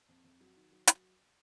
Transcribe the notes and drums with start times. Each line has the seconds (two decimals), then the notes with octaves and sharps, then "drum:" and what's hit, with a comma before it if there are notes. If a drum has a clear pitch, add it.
0.09 F2
0.24 F2
0.40 F#3
0.56 D#3
0.72 F#3
0.87 F#3, drum: hi-hat